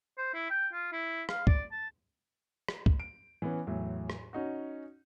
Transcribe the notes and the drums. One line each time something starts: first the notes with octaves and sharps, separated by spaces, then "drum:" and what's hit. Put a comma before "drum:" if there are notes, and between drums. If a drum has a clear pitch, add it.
C5
E4
G5
F4
E4
F5, drum: rim click
D5, drum: kick C#2
A5
drum: rim click
drum: kick C#2
D7
E3 B3 C#4
E2 A2 F#3
drum: rim click
C#4 D#4 F#4